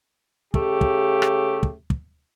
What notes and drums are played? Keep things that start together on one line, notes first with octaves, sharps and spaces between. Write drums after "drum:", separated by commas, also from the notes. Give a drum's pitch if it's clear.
C#3 A3 G4, drum: kick
drum: kick
drum: rim click
drum: kick
drum: kick